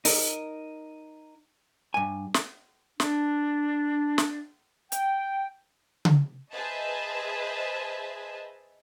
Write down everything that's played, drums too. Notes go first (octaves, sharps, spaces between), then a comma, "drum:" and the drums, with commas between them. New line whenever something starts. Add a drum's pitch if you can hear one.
D#4 A#4, drum: open hi-hat
G2 G#5
drum: snare
D4, drum: snare
drum: snare
G5, drum: hi-hat
drum: tom C#3
G#4 B4 C5 D#5 E5 A5